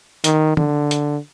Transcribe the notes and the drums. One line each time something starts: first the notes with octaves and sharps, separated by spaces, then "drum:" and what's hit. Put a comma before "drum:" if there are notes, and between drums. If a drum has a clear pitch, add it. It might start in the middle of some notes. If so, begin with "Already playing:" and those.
D#3, drum: hi-hat
D3, drum: tom
drum: hi-hat